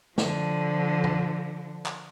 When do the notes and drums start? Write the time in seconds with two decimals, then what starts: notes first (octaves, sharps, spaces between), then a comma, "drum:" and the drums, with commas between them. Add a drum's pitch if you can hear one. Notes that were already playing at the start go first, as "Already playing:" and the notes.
0.18 D3 F3, drum: snare
1.04 drum: tom
1.86 drum: clap